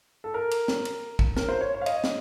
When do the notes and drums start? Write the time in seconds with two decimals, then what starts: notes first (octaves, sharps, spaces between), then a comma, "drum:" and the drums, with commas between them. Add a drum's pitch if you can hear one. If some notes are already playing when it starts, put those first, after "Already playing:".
0.24 A4
0.34 A#4
0.51 drum: cymbal
0.68 drum: snare
0.85 drum: cymbal
1.19 drum: kick
1.37 A#4, drum: snare
1.49 C5
1.61 C#5
1.74 C#5
1.81 F5
1.86 D#5, drum: cymbal
2.04 drum: snare